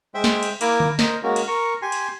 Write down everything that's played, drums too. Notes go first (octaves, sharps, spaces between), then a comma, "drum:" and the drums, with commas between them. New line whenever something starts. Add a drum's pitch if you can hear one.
G#3 C5 E5 G5
drum: snare
drum: cymbal
A#3 E4 A#4 D6, drum: cymbal
drum: tom D3
A#4 C5 D#5, drum: snare
G#3 A#3 C#4 F#4 A#4
drum: cymbal
A#4 C#6
G4 G#5 C6
drum: cymbal